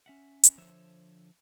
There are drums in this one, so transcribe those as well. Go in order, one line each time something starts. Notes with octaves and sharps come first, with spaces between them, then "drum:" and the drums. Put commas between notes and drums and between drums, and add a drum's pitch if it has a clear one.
C#4 E5 F#5
drum: hi-hat
D3 F3 C5 C#5 E5